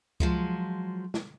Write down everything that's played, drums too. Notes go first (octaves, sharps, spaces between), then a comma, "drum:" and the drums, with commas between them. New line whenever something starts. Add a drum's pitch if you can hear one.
F3 F#3 G#3, drum: kick C#2
drum: snare